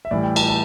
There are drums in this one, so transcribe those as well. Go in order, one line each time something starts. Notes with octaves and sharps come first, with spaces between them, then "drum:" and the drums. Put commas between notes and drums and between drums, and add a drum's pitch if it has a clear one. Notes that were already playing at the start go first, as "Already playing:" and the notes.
E5
A2 E3 G3 D5
G5
A5, drum: cymbal
A5